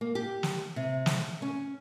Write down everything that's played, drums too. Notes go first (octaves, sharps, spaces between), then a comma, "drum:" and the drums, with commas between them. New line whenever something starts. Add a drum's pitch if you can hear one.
A#3
G4
drum: snare
C3
drum: snare
C#4